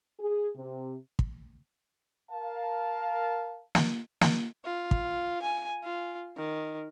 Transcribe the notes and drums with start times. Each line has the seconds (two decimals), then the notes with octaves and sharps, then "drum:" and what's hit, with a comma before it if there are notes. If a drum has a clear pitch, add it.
0.19 G#4
0.55 C3
1.19 drum: kick
2.31 A#4 F5 A5
3.75 drum: snare
4.21 drum: snare
4.65 F4
4.91 drum: kick
5.42 G#5
5.84 F4
6.37 D#3